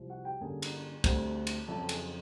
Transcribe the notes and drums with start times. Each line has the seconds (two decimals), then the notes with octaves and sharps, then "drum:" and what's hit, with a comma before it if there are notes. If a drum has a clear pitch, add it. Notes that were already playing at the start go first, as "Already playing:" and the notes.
Already playing: C2 C3 F3
0.10 F#4 F#5
0.25 G4 G5
0.41 G2 D3 G3 A#3 C#4 G#4 G#5
0.62 drum: cymbal
1.04 D2 D3 G3 C4, drum: kick, cymbal
1.47 drum: cymbal
1.67 F2 C#3 F#3 A4 A5
1.89 G#4 G#5, drum: cymbal